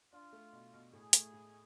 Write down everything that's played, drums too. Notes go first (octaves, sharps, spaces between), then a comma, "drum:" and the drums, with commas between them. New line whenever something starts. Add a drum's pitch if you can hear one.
D4 F4
A3
B2
B2
A2 G#4
A3, drum: hi-hat
A2